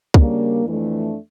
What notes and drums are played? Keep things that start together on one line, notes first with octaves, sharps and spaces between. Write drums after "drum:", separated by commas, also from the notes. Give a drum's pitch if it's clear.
C#3 G3 A#3 D4, drum: kick
F2 E3 A3 D4